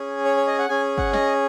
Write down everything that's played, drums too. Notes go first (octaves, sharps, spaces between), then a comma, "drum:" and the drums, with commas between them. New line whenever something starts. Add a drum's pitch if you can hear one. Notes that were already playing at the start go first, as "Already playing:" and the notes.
Already playing: C#4 G#4
C#5
C#5
D#5
F#5
C#4 G#4 G#5
F#5, drum: kick
D#5, drum: snare